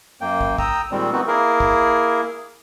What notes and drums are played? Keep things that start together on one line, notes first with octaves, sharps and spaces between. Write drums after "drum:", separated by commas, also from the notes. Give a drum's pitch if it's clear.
F#2 A#3 G5
drum: kick
G5 A#5 D#6 E6, drum: kick
A#2 D#3 G3 G#3 C4
E3 B3 C4 D#4 F#4
A#3 E4 G#4 A#4
drum: kick